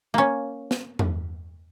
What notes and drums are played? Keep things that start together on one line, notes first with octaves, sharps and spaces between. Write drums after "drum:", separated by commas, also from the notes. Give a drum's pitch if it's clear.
A#3 C#4
drum: snare
drum: tom E2